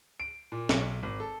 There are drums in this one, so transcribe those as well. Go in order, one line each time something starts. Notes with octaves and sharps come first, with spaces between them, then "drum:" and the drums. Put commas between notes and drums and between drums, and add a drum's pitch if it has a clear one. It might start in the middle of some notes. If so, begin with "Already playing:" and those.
D7
A#2
B1, drum: snare
G#1
A4